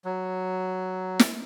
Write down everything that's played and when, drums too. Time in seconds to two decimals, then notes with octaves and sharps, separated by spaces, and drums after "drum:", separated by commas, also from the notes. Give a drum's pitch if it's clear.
0.05 F#3
1.19 drum: snare